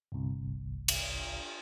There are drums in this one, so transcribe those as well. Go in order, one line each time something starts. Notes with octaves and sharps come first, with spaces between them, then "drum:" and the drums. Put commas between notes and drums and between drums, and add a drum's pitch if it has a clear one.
G1 C2
drum: cymbal